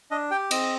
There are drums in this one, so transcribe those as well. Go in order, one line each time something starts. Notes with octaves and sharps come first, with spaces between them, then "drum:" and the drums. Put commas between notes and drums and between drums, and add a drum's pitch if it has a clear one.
D4 D#5
G4 G5
C4 D#5, drum: cymbal